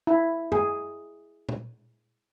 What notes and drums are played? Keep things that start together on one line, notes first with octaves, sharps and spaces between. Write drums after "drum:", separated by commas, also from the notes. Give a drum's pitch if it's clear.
E4
G#4, drum: tom F#2
drum: tom